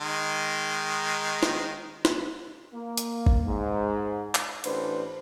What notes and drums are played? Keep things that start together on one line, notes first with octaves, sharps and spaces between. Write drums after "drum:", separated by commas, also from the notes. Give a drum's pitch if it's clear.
D#3 G#3
drum: snare
drum: snare
A#3
drum: hi-hat
drum: kick G1
G#2
drum: clap
A1 D4 B4 C5, drum: cymbal